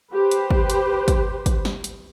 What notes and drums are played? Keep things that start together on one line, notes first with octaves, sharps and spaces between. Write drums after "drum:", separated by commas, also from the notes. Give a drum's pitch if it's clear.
G4 B4 C5
drum: hi-hat
drum: kick
drum: hi-hat
drum: kick, hi-hat
drum: kick, hi-hat
drum: snare
drum: hi-hat